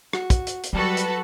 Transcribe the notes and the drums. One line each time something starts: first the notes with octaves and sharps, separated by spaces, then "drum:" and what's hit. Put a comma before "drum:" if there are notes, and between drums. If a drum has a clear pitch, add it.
F#4, drum: rim click
drum: kick, hi-hat
drum: hi-hat
drum: hi-hat
F#3 G3 F#4 A4 B4
drum: hi-hat